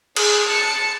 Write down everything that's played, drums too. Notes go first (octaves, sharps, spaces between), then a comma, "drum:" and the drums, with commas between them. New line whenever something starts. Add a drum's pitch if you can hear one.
G#4, drum: cymbal
A5 C#7